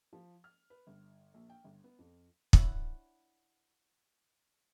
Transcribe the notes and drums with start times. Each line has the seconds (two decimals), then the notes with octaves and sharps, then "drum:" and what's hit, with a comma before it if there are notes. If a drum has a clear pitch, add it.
0.13 F3
0.44 F6
0.70 B4
0.87 G1
1.34 A#1
1.49 G5
1.64 G1
1.84 B3
1.99 F2
2.53 D4 E4 C#5 F#5, drum: kick